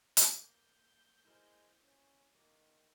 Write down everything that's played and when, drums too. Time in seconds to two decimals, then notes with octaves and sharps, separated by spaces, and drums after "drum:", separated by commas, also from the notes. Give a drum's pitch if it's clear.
0.17 drum: hi-hat
0.30 A#3 G6
1.25 G#3 E4 A#4 C5
1.83 C#4
2.35 D#3 A#3